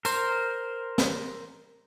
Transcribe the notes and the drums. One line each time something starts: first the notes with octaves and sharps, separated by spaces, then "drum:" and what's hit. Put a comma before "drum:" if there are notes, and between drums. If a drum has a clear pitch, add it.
A#4 C5, drum: tambourine
drum: snare